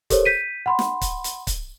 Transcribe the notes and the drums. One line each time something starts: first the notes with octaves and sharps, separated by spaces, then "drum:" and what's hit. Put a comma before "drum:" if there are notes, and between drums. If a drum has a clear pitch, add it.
G4 A4 A#4 C5 C#5, drum: kick C#1, hi-hat
G6 B6 D#7
F#5 B5 C6
drum: snare
drum: kick C#1, hi-hat
drum: hi-hat
drum: kick C#1, hi-hat